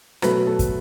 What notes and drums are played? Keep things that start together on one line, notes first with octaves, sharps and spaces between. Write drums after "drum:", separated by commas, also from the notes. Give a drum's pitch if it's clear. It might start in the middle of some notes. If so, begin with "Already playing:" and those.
B2 F#3 A3 B4, drum: rim click
A4
drum: kick, hi-hat